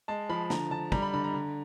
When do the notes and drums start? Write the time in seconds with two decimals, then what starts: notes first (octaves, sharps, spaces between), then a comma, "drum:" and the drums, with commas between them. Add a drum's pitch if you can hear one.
0.08 G#3 A5
0.29 F3 B5
0.50 D3 A#5, drum: snare
0.71 D3 A5
0.92 G3 A#5, drum: kick
1.02 B5
1.14 D3 B5
1.24 A#5
1.34 D3